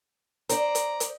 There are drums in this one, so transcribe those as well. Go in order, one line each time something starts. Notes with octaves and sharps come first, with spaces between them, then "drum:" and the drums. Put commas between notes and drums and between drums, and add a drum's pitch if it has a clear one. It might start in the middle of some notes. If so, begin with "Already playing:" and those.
C5 D5 A#5, drum: hi-hat
drum: hi-hat
drum: hi-hat